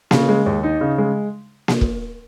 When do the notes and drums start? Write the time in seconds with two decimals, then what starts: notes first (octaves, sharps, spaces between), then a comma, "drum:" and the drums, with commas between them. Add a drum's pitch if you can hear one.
0.11 C#3, drum: snare A#3
0.29 G#3
0.46 D#2
0.63 D#4
0.81 C#3
0.98 G#3
1.68 drum: snare A#3
1.81 drum: kick